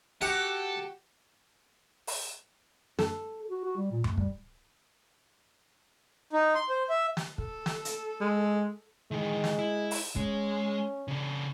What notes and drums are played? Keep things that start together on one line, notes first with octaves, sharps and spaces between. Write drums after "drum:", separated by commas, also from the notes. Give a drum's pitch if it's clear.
F#4 G4 A4 F#5
drum: open hi-hat
A4, drum: snare
F#4
F#4
G3
A#2
A3, drum: tom F#2
G3, drum: kick
D#4
C6
C5
E5
drum: snare
A4, drum: kick
drum: snare
drum: hi-hat
G#3
D#3 E3 G#3
drum: snare
E4
drum: open hi-hat
G#3 C#4, drum: kick
C#3 D4